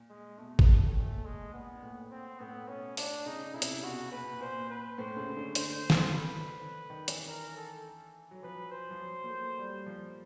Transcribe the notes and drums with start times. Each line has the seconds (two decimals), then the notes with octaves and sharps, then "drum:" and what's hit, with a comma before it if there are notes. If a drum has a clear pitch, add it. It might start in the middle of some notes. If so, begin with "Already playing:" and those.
Already playing: A#2
0.09 G#3
0.38 B2 A3
0.59 drum: kick
0.87 A2
0.96 A#2 A3
1.25 G#3
1.53 A#2 B3
1.75 A#2
1.83 A2
2.10 C4
2.39 A2 B3
2.68 B2 C#4
2.97 D4, drum: open hi-hat
3.26 C#3 D#4
3.54 C#3 E4
3.62 C3, drum: hi-hat
3.69 C#3
3.84 B2 F#4
4.12 A#2 B4
4.40 A#2 C5
4.70 B4
4.98 A2 C5
5.17 C#3
5.36 D3
5.55 D3 C5, drum: hi-hat
5.90 drum: snare
6.12 B4
6.90 D#3
7.08 E3, drum: hi-hat
7.27 A#4
7.56 A4
8.31 F#3
8.43 F3 B4
8.71 C5
8.91 F3
9.00 F#3
9.24 A#3
9.29 A3
9.58 G3
9.86 F3